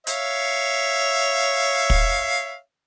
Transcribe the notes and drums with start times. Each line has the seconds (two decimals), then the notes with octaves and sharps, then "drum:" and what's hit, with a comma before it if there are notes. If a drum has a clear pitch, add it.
0.07 C#5 E5 F5, drum: hi-hat
1.90 drum: kick